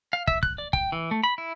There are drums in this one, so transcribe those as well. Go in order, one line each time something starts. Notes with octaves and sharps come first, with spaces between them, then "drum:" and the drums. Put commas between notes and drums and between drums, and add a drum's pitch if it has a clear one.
F5
E5, drum: kick
F#6, drum: kick
D5
G5, drum: kick
E3
A3
B5
E4